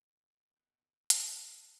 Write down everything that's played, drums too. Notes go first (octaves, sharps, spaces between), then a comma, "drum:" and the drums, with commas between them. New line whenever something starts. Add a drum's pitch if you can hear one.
D#3
B3 F#5 G5
F3, drum: hi-hat
F#4 A#4 C5